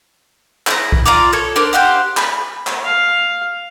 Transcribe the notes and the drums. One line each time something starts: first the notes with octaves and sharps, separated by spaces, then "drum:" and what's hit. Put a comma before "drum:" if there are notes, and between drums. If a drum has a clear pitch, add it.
E4 A#5, drum: clap
drum: kick B1
F4 D5 A#5 D6
A4 C#5
D4 A#4 C5 D5
G4 C5 F5 F#5
B5, drum: clap
drum: clap
F5